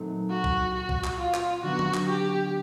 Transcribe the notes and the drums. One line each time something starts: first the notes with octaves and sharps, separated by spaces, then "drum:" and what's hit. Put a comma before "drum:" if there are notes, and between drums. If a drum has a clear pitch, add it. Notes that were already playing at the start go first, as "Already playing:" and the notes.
Already playing: A#2 F#3 A3 C4 D#4
F#4
drum: kick B1
F#4
drum: kick B1
drum: clap
F4
drum: clap
D3 F#3 B3 D4 F#4
drum: tom D3
drum: clap
G4